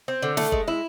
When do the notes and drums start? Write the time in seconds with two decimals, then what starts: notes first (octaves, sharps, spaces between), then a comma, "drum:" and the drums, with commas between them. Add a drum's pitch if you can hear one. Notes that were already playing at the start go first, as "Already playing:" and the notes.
0.08 C4
0.22 D3
0.37 A3, drum: snare
0.52 G#3, drum: kick
0.68 E4